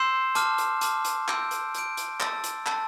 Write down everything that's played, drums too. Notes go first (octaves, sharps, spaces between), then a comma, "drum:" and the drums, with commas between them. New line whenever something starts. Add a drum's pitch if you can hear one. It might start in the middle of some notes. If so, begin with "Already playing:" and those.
Already playing: C6 E6 G6 C7 E7
A5 D6 F6, drum: hi-hat
drum: hi-hat
A5 D6 F6, drum: hi-hat
drum: hi-hat
E6 G6 D7, drum: clap
drum: hi-hat
E6 G6 D7, drum: hi-hat
drum: hi-hat
A5 E6 A6, drum: clap
drum: hi-hat
A5 E6 A6, drum: clap